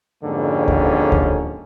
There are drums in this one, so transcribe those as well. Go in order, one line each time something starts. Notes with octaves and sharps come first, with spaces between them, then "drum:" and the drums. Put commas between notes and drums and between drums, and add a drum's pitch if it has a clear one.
F2 G#2 D3 G3 A#3 C#4
drum: kick D2
drum: kick D2